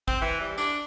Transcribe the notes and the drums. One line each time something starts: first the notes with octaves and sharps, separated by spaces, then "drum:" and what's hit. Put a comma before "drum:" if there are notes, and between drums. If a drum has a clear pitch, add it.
C4, drum: kick
E3
G3
D4, drum: tambourine